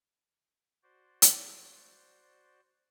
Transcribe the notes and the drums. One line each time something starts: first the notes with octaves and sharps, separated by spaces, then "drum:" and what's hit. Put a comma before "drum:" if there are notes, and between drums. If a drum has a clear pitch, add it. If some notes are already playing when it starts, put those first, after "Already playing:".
F#4 C5 D5
drum: hi-hat